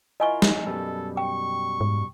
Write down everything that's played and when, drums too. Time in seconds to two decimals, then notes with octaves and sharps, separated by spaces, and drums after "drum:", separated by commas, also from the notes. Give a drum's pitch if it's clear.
0.20 E4 F4 A#4 D#5 G#5 C#6
0.42 drum: snare G3
0.66 F#2 B2 G3 A4
1.17 G5 C#6
1.81 G#2